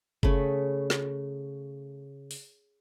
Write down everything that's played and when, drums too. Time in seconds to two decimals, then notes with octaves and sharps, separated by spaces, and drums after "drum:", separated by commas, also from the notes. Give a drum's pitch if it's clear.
0.23 C#3 A3 B5, drum: kick F#1
0.90 drum: snare
2.31 drum: open hi-hat